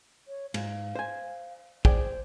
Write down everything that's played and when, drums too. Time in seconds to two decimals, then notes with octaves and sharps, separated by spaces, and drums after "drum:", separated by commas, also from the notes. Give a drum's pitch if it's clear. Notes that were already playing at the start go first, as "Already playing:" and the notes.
0.28 C#5
0.54 G#2 F5, drum: cymbal
0.95 C5 G#5
1.85 G#4 C5 D5 G5, drum: kick